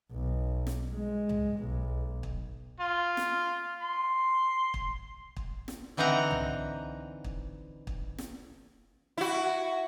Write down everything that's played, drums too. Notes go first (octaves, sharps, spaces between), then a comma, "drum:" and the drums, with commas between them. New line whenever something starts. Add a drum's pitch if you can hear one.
B1
drum: snare
G#3
drum: tom C2
B1
drum: kick
F4
drum: snare
C6
drum: kick
drum: kick
drum: snare
D3 E3 C4 D#4 F#5 A#5
drum: tom C2
drum: kick
drum: kick
drum: snare
E4 F#4